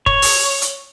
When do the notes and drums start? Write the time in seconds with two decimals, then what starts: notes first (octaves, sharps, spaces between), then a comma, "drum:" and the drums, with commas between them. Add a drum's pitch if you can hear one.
0.06 C#5, drum: kick G1
0.22 drum: open hi-hat
0.62 drum: hi-hat